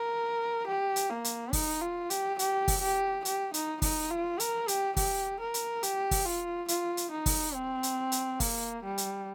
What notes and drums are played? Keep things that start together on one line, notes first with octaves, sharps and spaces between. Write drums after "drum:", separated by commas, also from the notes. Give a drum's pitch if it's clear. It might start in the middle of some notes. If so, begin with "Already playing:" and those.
Already playing: A#4
G4
drum: hi-hat
A#3
drum: hi-hat
D#4, drum: kick, open hi-hat
F4
G4, drum: hi-hat
G4, drum: hi-hat
drum: kick, open hi-hat
G4
G4, drum: hi-hat
D#4, drum: hi-hat
D#4, drum: kick, open hi-hat
F4
A#4, drum: hi-hat
G4, drum: hi-hat
G4, drum: kick, open hi-hat
A#4
drum: hi-hat
G4, drum: hi-hat
drum: kick, open hi-hat
F4
F4, drum: hi-hat
drum: hi-hat
D#4
drum: kick, open hi-hat
C4
drum: hi-hat
drum: hi-hat
A#3, drum: kick, open hi-hat
G3
drum: hi-hat